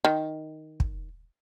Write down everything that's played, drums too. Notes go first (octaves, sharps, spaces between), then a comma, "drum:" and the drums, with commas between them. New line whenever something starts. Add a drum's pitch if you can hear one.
D#3
drum: kick